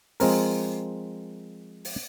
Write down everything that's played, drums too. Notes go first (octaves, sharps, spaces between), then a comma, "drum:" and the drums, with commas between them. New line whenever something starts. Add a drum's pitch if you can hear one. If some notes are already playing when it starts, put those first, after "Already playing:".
F3 G#3 C4 A#4, drum: open hi-hat
drum: open hi-hat